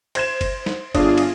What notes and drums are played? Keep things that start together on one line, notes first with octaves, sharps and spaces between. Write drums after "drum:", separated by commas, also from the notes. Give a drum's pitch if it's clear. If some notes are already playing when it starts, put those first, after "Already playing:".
C5 G#6 E7, drum: cymbal
drum: kick G1, cymbal
drum: snare
G1 D4 F4 G#4 D#6, drum: kick G1, cymbal
drum: cymbal